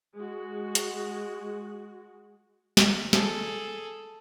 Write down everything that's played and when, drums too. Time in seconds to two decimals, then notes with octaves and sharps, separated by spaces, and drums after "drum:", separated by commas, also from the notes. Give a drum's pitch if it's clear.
0.17 G#3 F#4
0.75 drum: hi-hat
2.77 drum: snare
3.13 G#4 A4, drum: snare